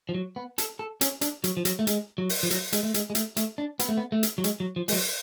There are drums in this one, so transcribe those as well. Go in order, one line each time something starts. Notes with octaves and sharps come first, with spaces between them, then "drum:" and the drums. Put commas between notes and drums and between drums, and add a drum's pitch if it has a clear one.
F3
F#3
B3
A4, drum: hi-hat
A4
C#4, drum: hi-hat
D4, drum: hi-hat
F#3, drum: hi-hat
F3
F#3, drum: hi-hat
A3
G#3, drum: hi-hat
F#3
drum: open hi-hat
F3
F#3, drum: hi-hat
G#3, drum: hi-hat
A3
G#3, drum: hi-hat
G#3
A3, drum: hi-hat
A3, drum: hi-hat
D4
B3, drum: hi-hat
A3
B3
A3
drum: hi-hat
F#3
G#3, drum: hi-hat
F#3
F3
G#3, drum: open hi-hat
F#3